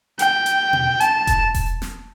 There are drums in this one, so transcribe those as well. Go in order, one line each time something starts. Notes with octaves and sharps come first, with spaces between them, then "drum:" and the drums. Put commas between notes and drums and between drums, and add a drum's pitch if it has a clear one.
G5, drum: hi-hat
drum: hi-hat
drum: tom B2
A5, drum: hi-hat
drum: kick E1, hi-hat
drum: kick E1, open hi-hat
drum: snare